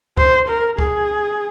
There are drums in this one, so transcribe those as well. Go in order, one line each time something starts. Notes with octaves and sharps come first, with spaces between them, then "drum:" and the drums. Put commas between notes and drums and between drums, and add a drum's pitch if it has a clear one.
C5, drum: kick C#2
A#4
G#4, drum: kick C#2